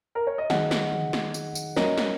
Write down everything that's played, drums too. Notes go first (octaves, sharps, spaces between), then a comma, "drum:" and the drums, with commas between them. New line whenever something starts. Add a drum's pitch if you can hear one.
A#4
C#5
D#5
D#3 F#3 D#4 G#4 D#5 F#5, drum: snare
drum: snare
drum: tom
drum: snare
drum: tambourine
drum: tambourine
F#3 A#3 C#4 A#4 C#5 D#5, drum: snare
drum: snare